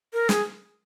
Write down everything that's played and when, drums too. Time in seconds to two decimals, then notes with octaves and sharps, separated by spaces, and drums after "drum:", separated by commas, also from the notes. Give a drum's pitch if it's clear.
0.13 A#4
0.29 G#4, drum: snare